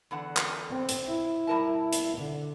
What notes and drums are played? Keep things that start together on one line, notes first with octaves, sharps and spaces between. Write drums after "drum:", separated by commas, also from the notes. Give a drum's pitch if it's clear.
E2 D3 F#5
drum: clap
C4
drum: hi-hat
E4
G3 A#4 A5
drum: hi-hat
D3